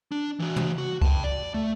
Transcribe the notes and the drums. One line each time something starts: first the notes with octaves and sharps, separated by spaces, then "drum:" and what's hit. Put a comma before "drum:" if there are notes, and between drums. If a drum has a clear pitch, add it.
D4
E3 F#4
drum: tom
F#4
G5 A5, drum: kick C#2
D5
A3